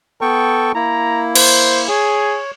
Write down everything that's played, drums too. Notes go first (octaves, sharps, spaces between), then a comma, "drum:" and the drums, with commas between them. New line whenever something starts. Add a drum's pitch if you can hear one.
B3 A4 G5 C#6
A#3 E4 A#5
C5, drum: cymbal
G#4 C#5